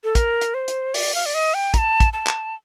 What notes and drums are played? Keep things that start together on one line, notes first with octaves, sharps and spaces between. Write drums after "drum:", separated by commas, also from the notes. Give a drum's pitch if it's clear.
A4
A#4, drum: kick, hi-hat
drum: hi-hat
C5
drum: hi-hat
D5, drum: open hi-hat
F5
D5
D#5
G5
A#5, drum: kick, hi-hat
A5
drum: kick, hi-hat
A5
drum: clap